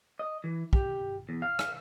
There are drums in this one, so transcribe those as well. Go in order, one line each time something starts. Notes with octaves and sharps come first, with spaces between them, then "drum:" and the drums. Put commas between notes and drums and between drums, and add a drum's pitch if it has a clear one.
D#5
E3
G4, drum: kick
E2
F5
drum: rim click